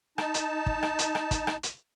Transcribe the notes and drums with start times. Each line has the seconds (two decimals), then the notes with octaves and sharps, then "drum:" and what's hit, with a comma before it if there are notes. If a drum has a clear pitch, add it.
0.18 D#4 A5, drum: rim click
0.34 drum: hi-hat
0.66 drum: kick
0.83 drum: rim click
0.99 drum: hi-hat
1.15 drum: rim click
1.31 drum: kick, hi-hat
1.47 drum: rim click
1.63 drum: hi-hat